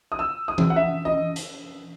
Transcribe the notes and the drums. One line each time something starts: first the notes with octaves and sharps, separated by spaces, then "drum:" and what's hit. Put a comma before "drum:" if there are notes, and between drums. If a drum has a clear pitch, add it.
D#6
E6
D#6
drum: tom E3
F#5
E5
D#5
drum: hi-hat